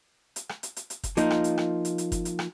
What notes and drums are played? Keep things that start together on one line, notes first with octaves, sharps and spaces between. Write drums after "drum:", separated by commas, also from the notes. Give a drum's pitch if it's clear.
drum: hi-hat
drum: rim click
drum: hi-hat
drum: hi-hat
drum: hi-hat
drum: kick F#1, hi-hat
F3 A#3 D#4 F4, drum: hi-hat
drum: rim click
drum: hi-hat
drum: rim click
drum: hi-hat
drum: hi-hat
drum: kick F#1, hi-hat
drum: hi-hat
drum: rim click